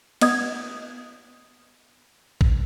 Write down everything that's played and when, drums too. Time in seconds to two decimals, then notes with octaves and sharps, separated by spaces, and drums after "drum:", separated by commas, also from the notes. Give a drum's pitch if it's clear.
0.21 B3 D#5 D#6 G#6, drum: cymbal
2.41 drum: kick